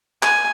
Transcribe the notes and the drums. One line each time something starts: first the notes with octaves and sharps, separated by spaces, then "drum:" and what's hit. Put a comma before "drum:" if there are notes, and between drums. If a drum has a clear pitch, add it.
G#5, drum: clap